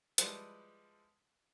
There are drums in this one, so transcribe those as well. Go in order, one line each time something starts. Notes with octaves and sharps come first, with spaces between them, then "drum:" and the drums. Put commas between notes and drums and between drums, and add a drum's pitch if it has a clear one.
F3 G3 G#3 E4 B4, drum: hi-hat